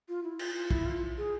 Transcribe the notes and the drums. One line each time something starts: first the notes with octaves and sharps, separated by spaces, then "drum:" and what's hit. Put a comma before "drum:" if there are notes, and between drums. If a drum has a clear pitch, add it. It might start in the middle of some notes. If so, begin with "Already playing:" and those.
F4
E4
F4, drum: cymbal
F4
E4, drum: kick
F4
G#4